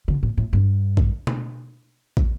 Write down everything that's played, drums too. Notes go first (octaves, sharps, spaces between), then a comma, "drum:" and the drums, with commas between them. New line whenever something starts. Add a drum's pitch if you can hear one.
D3
A2
A2
G2
drum: kick
drum: tom B2
drum: kick